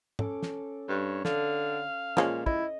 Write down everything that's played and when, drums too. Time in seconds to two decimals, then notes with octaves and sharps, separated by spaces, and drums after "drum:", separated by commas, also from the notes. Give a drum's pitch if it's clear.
0.19 C#4 A4 D6, drum: tom
0.43 drum: snare
0.89 G2 C#5
1.25 D3 F5, drum: snare
2.17 A#2 F3 G#3 C#4, drum: snare
2.46 E4 D#5, drum: kick